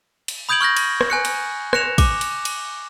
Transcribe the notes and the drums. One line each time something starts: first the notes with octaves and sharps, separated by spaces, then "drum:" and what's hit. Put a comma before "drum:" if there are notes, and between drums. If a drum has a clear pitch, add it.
drum: cymbal
B5 D#6 G6 G#6 D7 F#7
C#6 F6 G6 A#6
drum: cymbal
drum: rim click
G#5 F#6 C#7
drum: cymbal
F#6 A#6 C#7 E7 F7, drum: rim click
D6, drum: kick, cymbal
drum: cymbal
drum: cymbal